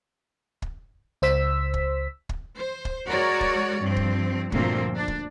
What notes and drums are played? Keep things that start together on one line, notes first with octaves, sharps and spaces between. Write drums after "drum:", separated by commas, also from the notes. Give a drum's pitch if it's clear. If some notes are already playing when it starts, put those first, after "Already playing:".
drum: kick
C#2 C5 E6 B6
drum: kick
drum: kick
C5
drum: kick
G#3 F#4 A#4 C#5 D5
drum: kick
G2 F3 C4
drum: kick
D2 G2 A#2 F3 A#3 C4, drum: kick
D4
drum: kick